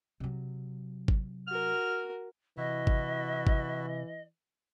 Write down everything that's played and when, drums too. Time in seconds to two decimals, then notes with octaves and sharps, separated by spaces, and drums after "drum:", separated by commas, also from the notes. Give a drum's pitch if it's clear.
0.20 C3 F#3
1.08 drum: kick G#1
1.48 F#4 A#4 F6
2.57 C3 E3 E4 F#4 D#5 E5
2.87 drum: kick G#1
3.47 drum: kick G#1